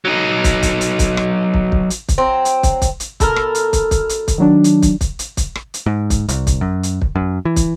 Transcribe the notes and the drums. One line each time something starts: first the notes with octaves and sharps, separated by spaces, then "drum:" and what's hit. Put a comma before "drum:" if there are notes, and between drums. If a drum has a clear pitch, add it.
F#3 D#4
drum: kick, hi-hat
drum: kick, hi-hat
drum: hi-hat
drum: kick, hi-hat
drum: rim click
drum: kick
drum: kick
drum: hi-hat
drum: kick, hi-hat
F#3 C4
drum: hi-hat
drum: kick, hi-hat
drum: kick, hi-hat
drum: hi-hat
B2 A4 A#4 E6 F6, drum: kick, hi-hat
drum: rim click
drum: hi-hat
drum: kick, hi-hat
drum: kick, hi-hat
drum: hi-hat
drum: kick, hi-hat
D#3 F#3 D4
drum: hi-hat
drum: kick, hi-hat
drum: kick, hi-hat
drum: hi-hat
drum: kick, hi-hat
drum: rim click
drum: hi-hat
G#2
drum: kick, hi-hat
C2, drum: hi-hat
drum: kick, hi-hat
F#2
drum: hi-hat
drum: kick
F#2
E3
drum: kick, hi-hat